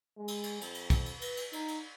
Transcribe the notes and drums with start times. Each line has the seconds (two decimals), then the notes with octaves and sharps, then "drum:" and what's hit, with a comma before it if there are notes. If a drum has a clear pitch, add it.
0.17 G#3
0.28 drum: cymbal
0.43 drum: cymbal
0.61 F2, drum: cymbal
0.75 drum: cymbal
0.90 drum: kick, cymbal
1.06 drum: cymbal
1.21 B4, drum: cymbal
1.37 drum: cymbal
1.53 D#4, drum: cymbal
1.68 drum: cymbal